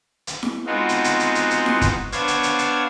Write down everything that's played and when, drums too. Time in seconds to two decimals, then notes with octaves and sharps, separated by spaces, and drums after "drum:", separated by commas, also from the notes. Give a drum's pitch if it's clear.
0.27 drum: hi-hat
0.43 drum: snare E4
0.66 G#3 B3 C4 D#4 F4 F#4
0.89 drum: hi-hat
1.04 drum: hi-hat
1.20 drum: hi-hat
1.35 drum: hi-hat
1.51 drum: hi-hat
1.66 drum: snare E4
1.81 drum: kick, hi-hat
2.12 B3 D4 C5 C#5 F5 G#6, drum: hi-hat
2.28 drum: hi-hat
2.43 drum: hi-hat
2.59 drum: hi-hat